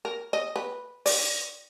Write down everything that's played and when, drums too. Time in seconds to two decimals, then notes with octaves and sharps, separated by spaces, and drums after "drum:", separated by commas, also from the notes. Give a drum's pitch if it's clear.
0.05 A#4
0.33 D#5
0.56 B4
1.06 D5, drum: open hi-hat